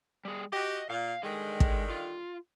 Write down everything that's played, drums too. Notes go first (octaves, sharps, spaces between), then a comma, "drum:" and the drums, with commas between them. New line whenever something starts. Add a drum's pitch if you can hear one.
G3 G#4
F#4 G4 D#5
A#2 F5
D3 D#3 G3 G#3 G#4
drum: kick
F4